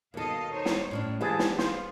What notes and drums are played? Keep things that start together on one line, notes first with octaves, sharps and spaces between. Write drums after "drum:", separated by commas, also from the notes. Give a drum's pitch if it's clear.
D#2 B2 A4 D#5 F5
D#4 C5 C#5
drum: snare
A2 G#3 C#4 D4
A#1 E3 G4 G#4 A5
drum: snare
B3 F4 G#4 C5, drum: snare